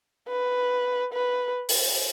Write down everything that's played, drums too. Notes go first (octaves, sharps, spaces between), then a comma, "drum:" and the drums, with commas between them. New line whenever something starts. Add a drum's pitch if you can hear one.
B4
B4
drum: open hi-hat